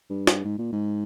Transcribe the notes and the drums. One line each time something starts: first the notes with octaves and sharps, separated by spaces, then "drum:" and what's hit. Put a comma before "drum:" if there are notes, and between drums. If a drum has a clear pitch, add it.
G2
drum: snare
G#2
A#2
G#2